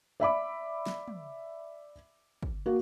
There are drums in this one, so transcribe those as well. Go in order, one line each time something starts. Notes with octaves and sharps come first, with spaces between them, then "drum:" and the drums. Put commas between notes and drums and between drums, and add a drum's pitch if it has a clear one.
D5 E5 B5 D6
drum: snare
drum: tom
drum: kick
A#3 F#4